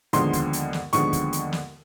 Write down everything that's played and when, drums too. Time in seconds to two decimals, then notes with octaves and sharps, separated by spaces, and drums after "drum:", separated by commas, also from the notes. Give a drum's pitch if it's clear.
0.13 D#2 D3 F3 G#3 B3 C6, drum: hi-hat
0.33 drum: kick, hi-hat
0.53 drum: hi-hat
0.73 drum: snare
0.93 D#2 D3 F3 G#3 B3 C#6, drum: hi-hat
1.13 drum: kick, hi-hat
1.33 drum: hi-hat
1.53 drum: snare